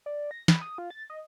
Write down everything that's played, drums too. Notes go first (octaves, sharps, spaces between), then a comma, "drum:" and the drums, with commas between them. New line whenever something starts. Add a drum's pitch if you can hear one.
D5
A#6
B5, drum: snare
D#6
F4
A6
D#5